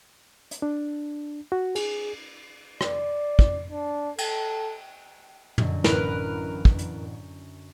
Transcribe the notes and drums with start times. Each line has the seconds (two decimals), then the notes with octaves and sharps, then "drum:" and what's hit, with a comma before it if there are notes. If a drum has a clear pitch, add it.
0.51 drum: hi-hat
0.62 D4
1.52 F#4
1.75 G#4, drum: cymbal
2.81 D5, drum: rim click
3.39 drum: kick
3.71 D4
4.18 A4, drum: cymbal
5.58 F#2 D3, drum: tom
5.84 A1 A#4 B4, drum: snare
6.65 drum: kick
6.79 drum: hi-hat